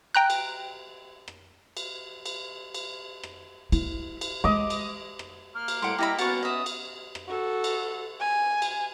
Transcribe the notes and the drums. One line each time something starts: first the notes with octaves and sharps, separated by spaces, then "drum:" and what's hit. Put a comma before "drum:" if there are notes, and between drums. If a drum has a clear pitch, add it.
G5 A#5 F#6
drum: cymbal
drum: rim click
drum: cymbal
drum: cymbal
drum: cymbal
drum: rim click
E4, drum: cymbal
drum: cymbal
G#3 D#5 D6
drum: cymbal
drum: rim click
A#3 F6
drum: cymbal
A2 G3 F#5 C6 D7
G3 E4 G4 D#5 A#5 B5
B3 C#4 F#4 F#5 C#6 A6, drum: cymbal
D#5 E5 D#6
drum: cymbal
drum: rim click
F#4 A4
drum: cymbal
G#5
drum: cymbal